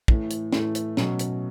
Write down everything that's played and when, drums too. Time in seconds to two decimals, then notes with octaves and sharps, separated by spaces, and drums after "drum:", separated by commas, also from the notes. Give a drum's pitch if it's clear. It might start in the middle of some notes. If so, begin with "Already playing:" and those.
0.08 A2 E3 A3, drum: kick
0.30 drum: hi-hat
0.52 A2 E3 A3, drum: snare
0.75 drum: hi-hat
0.97 B2 F#3 C#4, drum: snare
1.19 drum: hi-hat